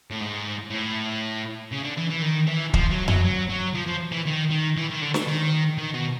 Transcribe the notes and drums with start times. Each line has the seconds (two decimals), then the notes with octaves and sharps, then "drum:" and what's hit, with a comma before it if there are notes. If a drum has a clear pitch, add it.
0.11 A2
0.21 G#2
0.70 A2
1.72 C#3
1.84 D3
1.98 E3
2.10 E3
2.22 D#3
2.47 E3
2.74 F3, drum: kick
2.90 F#3
3.08 F#3, drum: tom F2
3.24 F#3
3.50 F#3
3.75 F3
3.87 F3
4.12 E3
4.26 D#3
4.50 D#3
4.77 E3
4.89 D#3
5.01 D3
5.14 E3, drum: snare
5.27 D#3
5.78 D#3
5.94 B2